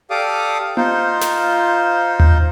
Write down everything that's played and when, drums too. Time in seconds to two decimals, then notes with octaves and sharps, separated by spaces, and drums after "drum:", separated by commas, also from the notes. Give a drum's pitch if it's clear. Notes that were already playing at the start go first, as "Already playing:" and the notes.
0.10 G4 A4 D5 F5 D6 D#6
0.77 D#4 F4 C5, drum: tom A#3
1.21 drum: snare
2.20 drum: tom D#2